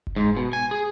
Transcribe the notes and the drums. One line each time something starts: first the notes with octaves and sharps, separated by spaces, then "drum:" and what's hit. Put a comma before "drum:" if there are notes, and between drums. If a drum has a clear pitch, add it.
drum: kick F#1
G#2
B2
G#5
G#4